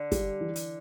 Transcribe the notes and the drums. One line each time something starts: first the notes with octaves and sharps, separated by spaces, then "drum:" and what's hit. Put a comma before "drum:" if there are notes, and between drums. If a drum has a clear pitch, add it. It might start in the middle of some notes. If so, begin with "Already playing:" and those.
Already playing: D3
G3, drum: kick, hi-hat
E3
drum: hi-hat